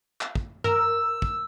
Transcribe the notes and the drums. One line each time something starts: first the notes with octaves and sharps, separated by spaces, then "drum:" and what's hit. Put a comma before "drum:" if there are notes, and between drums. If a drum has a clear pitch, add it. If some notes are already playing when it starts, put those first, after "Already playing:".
drum: clap
drum: kick
A#4 E6, drum: tom G2
drum: kick